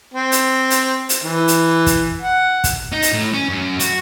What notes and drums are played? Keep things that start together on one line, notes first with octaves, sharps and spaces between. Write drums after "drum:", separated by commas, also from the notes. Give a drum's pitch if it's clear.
C4
drum: hi-hat
drum: hi-hat
drum: hi-hat
E3
drum: hi-hat
drum: kick, hi-hat
F#5
drum: kick, hi-hat
D#4
drum: hi-hat
A2
C#4
F#2
F#4, drum: hi-hat